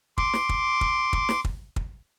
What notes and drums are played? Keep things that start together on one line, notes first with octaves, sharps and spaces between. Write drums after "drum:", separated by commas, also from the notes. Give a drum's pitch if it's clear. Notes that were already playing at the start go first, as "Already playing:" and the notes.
C6 D6, drum: kick
drum: snare
drum: kick
drum: kick
drum: kick
drum: snare
drum: kick
drum: kick